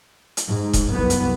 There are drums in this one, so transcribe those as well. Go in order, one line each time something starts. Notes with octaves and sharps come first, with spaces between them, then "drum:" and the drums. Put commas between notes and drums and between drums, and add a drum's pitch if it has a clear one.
drum: hi-hat
G#2
drum: kick E1, hi-hat
C2 F#2 B3
drum: hi-hat